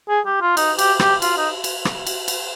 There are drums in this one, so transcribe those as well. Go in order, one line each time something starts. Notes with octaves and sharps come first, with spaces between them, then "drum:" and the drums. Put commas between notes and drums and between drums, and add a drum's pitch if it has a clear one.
G#4
G4
F4
D#4, drum: cymbal
G4, drum: cymbal
G4, drum: rim click
F4, drum: cymbal
D#4
drum: cymbal
drum: rim click
drum: cymbal
drum: cymbal